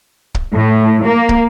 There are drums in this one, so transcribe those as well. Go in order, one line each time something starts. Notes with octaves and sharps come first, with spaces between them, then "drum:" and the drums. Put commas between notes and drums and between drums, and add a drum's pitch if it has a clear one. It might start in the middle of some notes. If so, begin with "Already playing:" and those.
drum: kick
A2
A#3
drum: kick